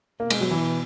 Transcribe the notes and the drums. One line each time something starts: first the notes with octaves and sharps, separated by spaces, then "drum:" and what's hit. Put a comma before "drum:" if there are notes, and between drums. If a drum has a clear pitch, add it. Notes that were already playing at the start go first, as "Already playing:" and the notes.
B2 A#3
G#3, drum: cymbal
F#3
E3